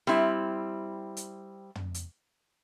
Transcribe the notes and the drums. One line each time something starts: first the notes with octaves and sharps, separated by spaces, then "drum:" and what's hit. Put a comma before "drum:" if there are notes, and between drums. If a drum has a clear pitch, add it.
G3 C4 E4, drum: snare
drum: hi-hat
drum: tom
drum: hi-hat